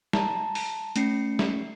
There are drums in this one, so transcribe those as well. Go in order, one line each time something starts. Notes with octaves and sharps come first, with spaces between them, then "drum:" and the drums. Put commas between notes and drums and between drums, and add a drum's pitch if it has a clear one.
A5 A#5, drum: snare
drum: open hi-hat
A3 C#4 C7 C#7, drum: hi-hat
drum: snare